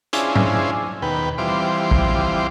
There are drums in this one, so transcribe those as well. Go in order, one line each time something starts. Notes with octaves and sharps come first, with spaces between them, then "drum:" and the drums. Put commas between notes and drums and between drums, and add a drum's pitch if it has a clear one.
C#4 D4 E4 F4 G#4 C5, drum: hi-hat
drum: tom G#2
D#2 B2 B4 G5
E3 G3 C4 F4 C5 D6
drum: kick